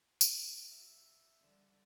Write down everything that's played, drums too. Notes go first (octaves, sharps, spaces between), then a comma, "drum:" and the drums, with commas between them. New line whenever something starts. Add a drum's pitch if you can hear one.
F#4, drum: tambourine
E5
D3 G3